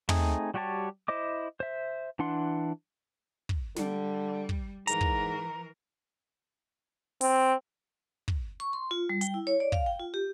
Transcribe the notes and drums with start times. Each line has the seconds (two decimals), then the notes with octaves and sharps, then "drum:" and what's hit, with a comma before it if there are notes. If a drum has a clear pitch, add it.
0.09 A3 C4 D#4 G#4, drum: tom
0.54 G3 F#4 G4 C#5 A5
1.08 E4 C5 D#5 D6
1.60 C5 E5
2.19 E3 D4 F#5 C6
3.49 drum: kick
3.76 D3 G3, drum: snare
4.49 drum: kick
4.87 G#2 E3 A#4 A#5, drum: hi-hat
5.01 drum: kick
7.21 C4, drum: open hi-hat
8.28 drum: kick
8.60 C#6
8.73 C6
8.91 F4
9.09 G3
9.21 G5, drum: hi-hat
9.34 E4
9.47 C#5
9.60 D5
9.72 F5, drum: kick
9.86 G5
9.99 F4
10.14 G4